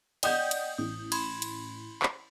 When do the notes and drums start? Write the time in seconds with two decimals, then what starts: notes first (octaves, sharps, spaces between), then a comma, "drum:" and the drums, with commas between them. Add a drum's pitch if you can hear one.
0.23 D5 D#5 F#5 G5 D#6 G6, drum: cymbal
0.51 drum: cymbal
0.78 A1 D#6
1.12 B5 C6 G#6, drum: cymbal
1.42 drum: cymbal
2.03 drum: clap